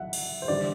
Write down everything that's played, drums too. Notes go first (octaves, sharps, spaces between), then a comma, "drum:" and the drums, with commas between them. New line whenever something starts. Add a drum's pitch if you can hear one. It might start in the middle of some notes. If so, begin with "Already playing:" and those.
Already playing: B1 E5 F#5
drum: cymbal
C5
D3 G3 B3 D5